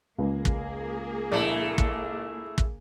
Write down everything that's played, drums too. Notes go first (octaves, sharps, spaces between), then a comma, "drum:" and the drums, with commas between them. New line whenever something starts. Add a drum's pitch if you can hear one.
C#2 A#3 G#4
drum: kick
A#1 A3 E4 D5
drum: kick
drum: kick